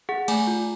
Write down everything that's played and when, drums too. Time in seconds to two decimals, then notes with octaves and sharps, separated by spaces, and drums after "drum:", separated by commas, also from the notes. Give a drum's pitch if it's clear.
0.09 G#4 F#5
0.28 A3 G#5, drum: cymbal
0.47 F4